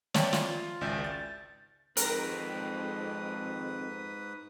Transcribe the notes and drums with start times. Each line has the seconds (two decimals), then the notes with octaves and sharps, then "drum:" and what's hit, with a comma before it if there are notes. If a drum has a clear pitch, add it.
0.14 C#5 D5 E5 G5 A5, drum: snare
0.33 F4, drum: snare
0.81 G#1 C#2 D5 E5 G#5 G6
1.04 A6
1.97 F2 G#2 G#3 C4 A#4 B4 D#6 A#6, drum: hi-hat